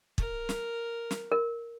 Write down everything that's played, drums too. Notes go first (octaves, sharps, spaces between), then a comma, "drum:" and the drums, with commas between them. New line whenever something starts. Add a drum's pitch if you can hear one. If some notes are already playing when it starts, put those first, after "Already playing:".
A#4, drum: kick
drum: snare
drum: snare
A#4